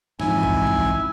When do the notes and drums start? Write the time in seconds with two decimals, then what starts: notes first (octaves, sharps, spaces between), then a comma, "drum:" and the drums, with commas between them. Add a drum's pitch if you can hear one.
0.20 G#2 E3 F3 G#3 C4 D#4 E4 G#5, drum: snare
0.43 drum: kick
0.67 drum: kick